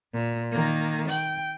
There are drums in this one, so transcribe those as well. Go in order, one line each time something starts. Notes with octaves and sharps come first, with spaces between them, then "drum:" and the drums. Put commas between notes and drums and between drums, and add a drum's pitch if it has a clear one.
A#2
D#3 A#3
G5, drum: open hi-hat